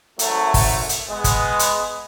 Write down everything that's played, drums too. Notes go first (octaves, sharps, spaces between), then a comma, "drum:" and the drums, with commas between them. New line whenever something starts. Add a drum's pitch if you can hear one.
G#1 F#3 A3, drum: hi-hat
drum: kick, open hi-hat
drum: hi-hat
G#3 B3
drum: kick, hi-hat
drum: hi-hat